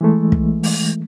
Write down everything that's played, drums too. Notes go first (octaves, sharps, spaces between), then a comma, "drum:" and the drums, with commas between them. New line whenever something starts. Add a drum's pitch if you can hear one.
E3 G#3 A3
drum: kick
drum: open hi-hat